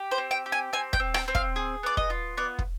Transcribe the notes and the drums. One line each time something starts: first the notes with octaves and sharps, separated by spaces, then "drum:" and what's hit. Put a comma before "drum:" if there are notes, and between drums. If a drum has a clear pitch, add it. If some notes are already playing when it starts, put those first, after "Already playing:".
Already playing: G4
C5
C4
G5
G4
G#5
C4 G#5
G5, drum: kick
C4
G5, drum: rim click
C4
F5, drum: kick
G#4
B3 D5
D#5, drum: kick
F4
B3 D5
drum: kick